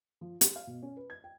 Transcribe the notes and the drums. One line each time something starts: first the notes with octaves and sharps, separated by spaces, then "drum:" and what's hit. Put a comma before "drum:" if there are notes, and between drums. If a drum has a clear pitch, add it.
F3
G4, drum: hi-hat
F5
B2
C#4
B4
G#6
G5